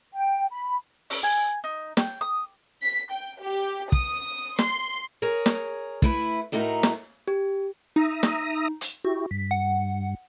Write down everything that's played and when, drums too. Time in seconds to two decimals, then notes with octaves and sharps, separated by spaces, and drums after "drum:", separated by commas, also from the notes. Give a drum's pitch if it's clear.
0.14 G5
0.51 B5
1.10 C#4, drum: open hi-hat
1.23 G#5
1.64 D#4
1.97 G5, drum: snare
2.21 D#6
2.82 B6
3.11 G5
3.41 G4
3.92 D#6, drum: kick
4.59 C6, drum: snare
5.22 G#4 A#4 C#5
5.46 drum: snare
6.02 A3 E4 B4, drum: kick
6.52 A2 A3 D#4 F#4 A4 A#4
6.83 drum: snare
7.28 G4
7.96 D#4 E5 A#5 D#6
8.23 drum: snare
8.81 drum: hi-hat
9.05 E4 F#4 G4
9.31 G2 B6
9.51 F#5